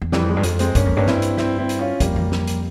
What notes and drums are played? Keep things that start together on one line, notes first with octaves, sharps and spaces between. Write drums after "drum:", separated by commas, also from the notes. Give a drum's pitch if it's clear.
E2
F2 E3 G3, drum: snare
F3 G#3
G2
F2, drum: hi-hat
G#3 C4, drum: hi-hat
G2 A#3 C#4, drum: kick, hi-hat
F2
G2 C#4
C4 E4, drum: snare
drum: hi-hat
C4 E4, drum: snare
C4 E4
drum: hi-hat
C#4 F4
F2 G3 A#3, drum: kick, hi-hat
drum: tom E3
drum: snare
drum: hi-hat